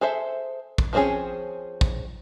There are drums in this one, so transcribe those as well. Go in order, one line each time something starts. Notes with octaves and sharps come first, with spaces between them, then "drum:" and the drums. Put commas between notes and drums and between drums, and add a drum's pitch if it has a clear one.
G#4 A4 C5 E5
drum: kick
F3 G3 C4 C#4 G#4
drum: kick